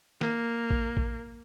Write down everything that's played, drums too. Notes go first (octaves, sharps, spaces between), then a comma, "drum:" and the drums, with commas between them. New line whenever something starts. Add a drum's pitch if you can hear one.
A#3, drum: snare
drum: kick A#1
drum: kick A#1